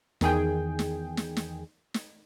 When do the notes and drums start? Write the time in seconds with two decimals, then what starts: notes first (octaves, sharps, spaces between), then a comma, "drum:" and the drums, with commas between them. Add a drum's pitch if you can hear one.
0.21 E2 D#3 G#4 G5, drum: snare
0.79 drum: snare
1.17 drum: snare
1.37 drum: snare
1.94 drum: snare